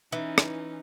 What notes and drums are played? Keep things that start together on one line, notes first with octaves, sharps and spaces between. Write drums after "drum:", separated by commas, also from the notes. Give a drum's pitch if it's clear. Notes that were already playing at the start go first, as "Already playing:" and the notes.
E3 C#4 D#4
drum: rim click